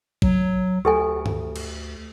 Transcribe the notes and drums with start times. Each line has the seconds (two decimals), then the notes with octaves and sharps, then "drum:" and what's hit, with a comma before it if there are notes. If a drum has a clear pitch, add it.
0.22 F#3, drum: kick A1
0.85 D2 G4 A4 G#5
1.26 drum: tom G2
1.56 drum: cymbal